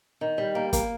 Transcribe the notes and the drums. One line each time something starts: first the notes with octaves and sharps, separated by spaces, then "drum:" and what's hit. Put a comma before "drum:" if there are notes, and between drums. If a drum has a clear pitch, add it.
D#3
G3
A#3
A#3, drum: kick, hi-hat